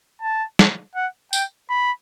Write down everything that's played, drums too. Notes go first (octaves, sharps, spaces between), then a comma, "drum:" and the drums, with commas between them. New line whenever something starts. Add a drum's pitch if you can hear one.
A5
drum: snare
F#5
G5, drum: tambourine
B5